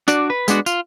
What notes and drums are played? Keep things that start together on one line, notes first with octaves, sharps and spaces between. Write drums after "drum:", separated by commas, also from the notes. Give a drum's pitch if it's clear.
D4 F#4 D5, drum: tambourine
B4
G#3 B3 D4 F#4, drum: tambourine
F4, drum: tambourine